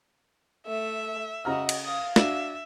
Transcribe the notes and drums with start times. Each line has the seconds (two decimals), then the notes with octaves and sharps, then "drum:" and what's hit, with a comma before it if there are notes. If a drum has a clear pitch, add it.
0.67 A3 E5
1.45 C#3 F#4 D#5 A#5 F6
1.69 drum: cymbal
1.85 F5 D#6
2.16 D4 F#4 E5, drum: snare